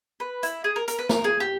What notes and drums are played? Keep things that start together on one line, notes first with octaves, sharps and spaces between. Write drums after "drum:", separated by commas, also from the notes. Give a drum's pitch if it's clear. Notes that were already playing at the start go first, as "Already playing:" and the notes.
B4
E4, drum: hi-hat
G#4
A#4
A#4, drum: hi-hat
B4
A#4, drum: snare
G#4
G4